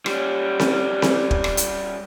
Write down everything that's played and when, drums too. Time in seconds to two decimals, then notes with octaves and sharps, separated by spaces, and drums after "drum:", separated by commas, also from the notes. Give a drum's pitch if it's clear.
0.06 G3 C#4, drum: rim click
0.60 drum: snare C4
1.02 drum: snare C4
1.31 drum: kick
1.44 drum: rim click
1.57 drum: hi-hat